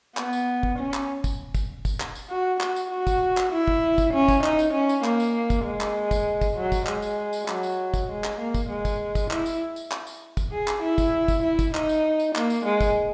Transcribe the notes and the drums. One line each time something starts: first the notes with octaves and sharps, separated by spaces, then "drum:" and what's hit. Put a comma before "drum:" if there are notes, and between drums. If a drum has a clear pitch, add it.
B3, drum: clap
drum: tambourine
drum: kick
C#4
drum: clap
drum: kick, tambourine
drum: kick, tambourine
drum: kick, tambourine
drum: clap
drum: tambourine
F#4
F#4, drum: clap
drum: tambourine
F#4
drum: kick, tambourine
drum: clap
E4
drum: kick
drum: kick, tambourine
C#4
drum: kick, tambourine
D#4, drum: clap
drum: tambourine
C#4
drum: tambourine
A#3, drum: clap
drum: tambourine
drum: kick, tambourine
G#3
drum: clap
drum: kick, tambourine
drum: kick, tambourine
F#3
drum: kick, tambourine
G#3, drum: clap
drum: tambourine
drum: tambourine
F#3, drum: clap
drum: tambourine
drum: kick, tambourine
G#3
drum: clap
A#3
drum: kick, tambourine
G#3
drum: kick, tambourine
drum: kick, tambourine
E4, drum: clap
drum: tambourine
drum: tambourine
drum: clap
drum: tambourine
drum: kick, tambourine
G#4
drum: clap
E4
drum: kick, tambourine
drum: kick, tambourine
E4
drum: kick, tambourine
D#4, drum: clap
drum: tambourine
drum: tambourine
A#3, drum: clap
drum: tambourine
G#3
drum: kick, tambourine